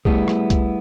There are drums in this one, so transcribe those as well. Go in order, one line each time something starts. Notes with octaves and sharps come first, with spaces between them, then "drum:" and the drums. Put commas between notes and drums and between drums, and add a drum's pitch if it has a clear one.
G3 A3 B3 E4 G4 G#4, drum: kick B1
drum: rim click
drum: kick B1, hi-hat